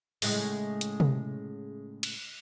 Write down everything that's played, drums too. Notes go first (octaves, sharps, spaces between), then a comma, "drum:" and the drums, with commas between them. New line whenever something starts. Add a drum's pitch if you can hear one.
A2 C#3 G#3, drum: open hi-hat
drum: hi-hat
drum: tom C3
drum: cymbal